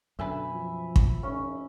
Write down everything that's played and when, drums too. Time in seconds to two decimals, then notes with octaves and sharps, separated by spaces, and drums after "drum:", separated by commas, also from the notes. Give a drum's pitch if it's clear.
0.19 F#2 B2 D3 E5 G#5 B5
0.54 F3
0.96 drum: kick
1.23 F1 C#4